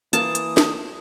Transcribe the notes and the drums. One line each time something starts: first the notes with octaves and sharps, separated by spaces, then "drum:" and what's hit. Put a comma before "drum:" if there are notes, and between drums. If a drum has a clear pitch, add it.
E3 A#3 A5 D#6, drum: hi-hat
drum: hi-hat
drum: snare